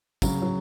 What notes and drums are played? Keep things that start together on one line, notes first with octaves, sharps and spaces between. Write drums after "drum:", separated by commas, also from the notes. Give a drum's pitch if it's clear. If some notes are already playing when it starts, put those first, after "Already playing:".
C#3 F#3, drum: kick, tambourine
F#3